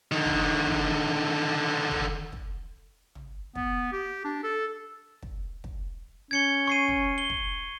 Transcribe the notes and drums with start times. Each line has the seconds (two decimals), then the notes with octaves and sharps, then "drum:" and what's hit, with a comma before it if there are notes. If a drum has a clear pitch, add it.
0.12 D3 D#3
0.25 drum: kick
0.67 drum: kick
1.91 drum: kick
2.33 drum: kick
3.15 drum: tom
3.55 B3, drum: kick
3.92 G4
4.25 D4
4.44 A4
5.23 drum: kick
5.64 drum: kick
6.31 C#4 G#6 C#7 G7
6.68 C#6 C7 D#7
6.88 drum: kick
7.18 G7
7.30 drum: kick